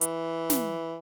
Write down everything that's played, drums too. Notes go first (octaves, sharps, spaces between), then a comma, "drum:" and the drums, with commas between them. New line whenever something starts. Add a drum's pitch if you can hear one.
E3, drum: hi-hat
drum: snare